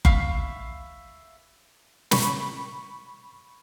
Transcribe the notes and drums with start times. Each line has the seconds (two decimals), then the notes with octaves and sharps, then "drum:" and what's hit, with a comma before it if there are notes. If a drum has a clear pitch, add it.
0.05 E5 F5 B5 C#6, drum: kick F#1
2.11 B5 C#6, drum: snare